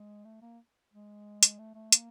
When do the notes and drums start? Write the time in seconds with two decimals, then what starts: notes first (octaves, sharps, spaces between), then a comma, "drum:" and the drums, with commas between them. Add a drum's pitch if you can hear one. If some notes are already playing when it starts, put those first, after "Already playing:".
Already playing: G#3
0.25 A3
0.41 A#3
0.92 G#3
1.43 drum: hi-hat
1.58 A3
1.75 A3
1.92 A#3, drum: hi-hat